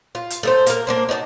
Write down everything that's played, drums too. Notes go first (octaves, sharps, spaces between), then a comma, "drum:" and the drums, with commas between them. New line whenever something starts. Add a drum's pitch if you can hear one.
F4
drum: hi-hat
A3 D#4 C5
A#3 A#4, drum: hi-hat
A#3 D4 C5
D#4 F#4 D5 A5